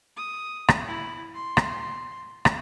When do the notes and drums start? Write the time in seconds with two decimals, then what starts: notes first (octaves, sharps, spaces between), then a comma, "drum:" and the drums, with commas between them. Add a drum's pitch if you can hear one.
0.17 D#6
0.68 drum: rim click
0.87 E4
1.35 C6
1.57 drum: rim click
2.45 drum: rim click